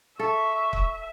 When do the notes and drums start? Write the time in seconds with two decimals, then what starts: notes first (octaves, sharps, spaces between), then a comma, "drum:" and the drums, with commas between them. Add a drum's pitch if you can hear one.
0.19 A4 E5 C#6
0.73 drum: kick